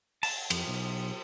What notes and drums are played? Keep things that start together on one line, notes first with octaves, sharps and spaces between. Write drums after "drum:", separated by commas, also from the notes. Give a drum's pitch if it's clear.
A5, drum: open hi-hat
F2, drum: cymbal
B1